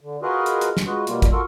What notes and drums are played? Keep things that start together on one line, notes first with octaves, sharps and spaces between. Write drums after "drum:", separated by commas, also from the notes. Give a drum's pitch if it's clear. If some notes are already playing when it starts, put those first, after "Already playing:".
D3
F4 F#4 G#4 A#4 B4 D#5
drum: hi-hat
drum: hi-hat
drum: snare
G#3 F4 F#4 B4 D#5
B2 G3 A#3 F4, drum: hi-hat
drum: kick, hi-hat
F4 F#4 A4 A#4